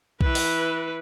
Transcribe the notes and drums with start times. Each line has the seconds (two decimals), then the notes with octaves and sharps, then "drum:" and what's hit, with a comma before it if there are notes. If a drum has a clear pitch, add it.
0.21 E3 B4, drum: kick B1
0.35 drum: open hi-hat